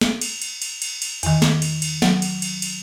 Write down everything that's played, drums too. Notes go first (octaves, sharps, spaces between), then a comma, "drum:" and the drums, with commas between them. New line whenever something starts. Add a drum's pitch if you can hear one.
drum: snare
drum: cymbal
drum: cymbal
drum: cymbal
drum: cymbal
drum: cymbal
E2 D#3, drum: cymbal
drum: snare
drum: cymbal
drum: cymbal
F#3, drum: snare
drum: cymbal
drum: cymbal
drum: cymbal